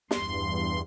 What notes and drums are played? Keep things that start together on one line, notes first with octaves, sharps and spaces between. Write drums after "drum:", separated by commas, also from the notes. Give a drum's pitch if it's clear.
E2 G2 C6, drum: snare